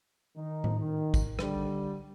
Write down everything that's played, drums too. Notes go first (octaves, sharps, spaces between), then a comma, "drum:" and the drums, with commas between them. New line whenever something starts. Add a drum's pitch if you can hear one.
D#3 D#4
drum: tom A2
D#3
drum: kick, tambourine
D3 G3, drum: rim click